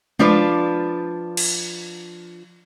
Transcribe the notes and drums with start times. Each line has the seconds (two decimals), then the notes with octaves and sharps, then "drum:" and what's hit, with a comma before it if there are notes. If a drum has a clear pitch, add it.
0.19 F3 D4 F4 B4, drum: tom G#3
1.37 drum: cymbal